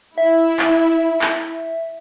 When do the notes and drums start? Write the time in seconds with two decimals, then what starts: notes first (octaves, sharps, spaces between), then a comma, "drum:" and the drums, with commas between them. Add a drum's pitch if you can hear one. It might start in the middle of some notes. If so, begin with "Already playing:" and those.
0.18 E4 E5
0.59 drum: clap
1.21 drum: clap